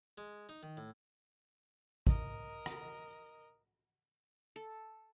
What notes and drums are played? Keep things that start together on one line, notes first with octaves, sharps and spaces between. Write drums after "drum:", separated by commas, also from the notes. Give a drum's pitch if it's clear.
G#3
D#4
D#3
A2
A#4 D#5, drum: kick
drum: rim click
A4